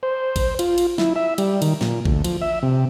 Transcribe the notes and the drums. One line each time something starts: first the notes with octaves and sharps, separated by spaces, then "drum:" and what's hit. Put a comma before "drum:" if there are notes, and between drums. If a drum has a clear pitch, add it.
C5
drum: kick A1, cymbal
F4, drum: cymbal
drum: cymbal
E4, drum: snare
E5
G3, drum: cymbal
D#3, drum: cymbal
A#2, drum: snare
D2, drum: kick A1
F3, drum: cymbal
E5
C3